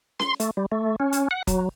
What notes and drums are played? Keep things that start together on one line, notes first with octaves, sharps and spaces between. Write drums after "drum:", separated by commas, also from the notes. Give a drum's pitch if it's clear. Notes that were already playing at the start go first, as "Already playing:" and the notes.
C6, drum: snare C#4
A3, drum: hi-hat
G3
A3
C#4
drum: hi-hat
F#5
F#3, drum: kick, hi-hat